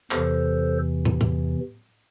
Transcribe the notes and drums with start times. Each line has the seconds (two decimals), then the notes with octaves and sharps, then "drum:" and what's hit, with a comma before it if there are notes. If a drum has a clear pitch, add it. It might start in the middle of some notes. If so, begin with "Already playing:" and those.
0.11 E2 C3 E3 A4 C5, drum: clap
1.05 drum: tom
1.21 drum: tom